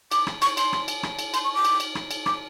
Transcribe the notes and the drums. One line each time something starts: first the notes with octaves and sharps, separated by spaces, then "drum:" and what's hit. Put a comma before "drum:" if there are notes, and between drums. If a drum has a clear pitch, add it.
D6, drum: cymbal
drum: rim click
C#6, drum: cymbal
C6, drum: cymbal
drum: rim click
drum: cymbal
drum: rim click
drum: cymbal
C6, drum: cymbal
C#6
D6
drum: cymbal
drum: cymbal
drum: rim click
drum: cymbal
D6, drum: rim click